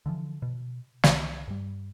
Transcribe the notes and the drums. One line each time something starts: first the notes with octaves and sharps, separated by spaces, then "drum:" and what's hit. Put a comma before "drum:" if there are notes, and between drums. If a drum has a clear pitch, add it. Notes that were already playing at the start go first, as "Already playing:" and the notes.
D3 E3 F3
B2
C2, drum: snare
G2 G3